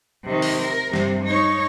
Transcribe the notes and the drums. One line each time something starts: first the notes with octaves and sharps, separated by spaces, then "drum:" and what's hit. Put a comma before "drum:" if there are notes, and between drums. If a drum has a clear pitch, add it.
C3 D#3
drum: open hi-hat
A#4
G2 C3, drum: snare
D#4 C#5